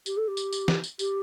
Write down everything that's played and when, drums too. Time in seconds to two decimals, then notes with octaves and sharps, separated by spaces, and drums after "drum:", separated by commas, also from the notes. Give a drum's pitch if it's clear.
0.06 G4, drum: tambourine
0.17 A4
0.27 G4
0.37 drum: tambourine
0.53 drum: tambourine
0.68 drum: snare
0.84 drum: tambourine
0.99 G4, drum: tambourine